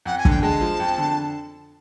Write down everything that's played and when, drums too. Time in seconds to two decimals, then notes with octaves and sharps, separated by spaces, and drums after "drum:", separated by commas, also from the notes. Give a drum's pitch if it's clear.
0.05 F2 F#5
0.18 G#5
0.25 D3, drum: kick
0.30 G5
0.43 G#3 A5
0.61 F3
0.80 F2
0.98 D3